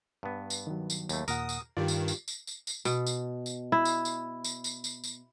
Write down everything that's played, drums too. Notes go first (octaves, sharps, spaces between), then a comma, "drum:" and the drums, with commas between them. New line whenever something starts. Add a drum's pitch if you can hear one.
G2 B3
drum: tambourine
D#3 F#3
drum: tambourine
D#2 A3, drum: tambourine
D#2 A#2 A#4 F#5 D#6, drum: tambourine
drum: tambourine
G2 D#3 F4 G4 D5
drum: tambourine
drum: tambourine
drum: tambourine
drum: tambourine
drum: tambourine
B2, drum: tambourine
drum: tambourine
drum: tambourine
E4
drum: tambourine
drum: tambourine
drum: tambourine
drum: tambourine
drum: tambourine
drum: tambourine